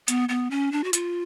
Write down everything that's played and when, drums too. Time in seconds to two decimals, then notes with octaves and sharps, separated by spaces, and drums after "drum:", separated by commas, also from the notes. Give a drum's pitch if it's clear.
0.08 B3, drum: hi-hat
0.29 B3
0.51 C#4
0.72 D4
0.84 F#4
0.93 F4, drum: hi-hat